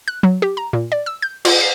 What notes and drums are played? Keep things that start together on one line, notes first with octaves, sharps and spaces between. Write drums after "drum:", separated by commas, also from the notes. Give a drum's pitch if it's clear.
F#6
F#3
G4
A#5
A#2
D5
E6
G6
F4, drum: cymbal
C7